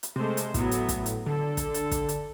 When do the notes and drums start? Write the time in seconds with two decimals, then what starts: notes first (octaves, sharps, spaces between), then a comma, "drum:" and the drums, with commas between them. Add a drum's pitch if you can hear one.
0.03 drum: hi-hat
0.16 C3 G#3 A3 C5
0.37 drum: hi-hat
0.54 A2 F#3 B3, drum: kick, hi-hat
0.71 drum: hi-hat
0.89 drum: kick, hi-hat
1.06 drum: hi-hat
1.26 D3 A4
1.57 drum: kick, hi-hat
1.74 drum: hi-hat
1.91 drum: kick, hi-hat
2.09 drum: hi-hat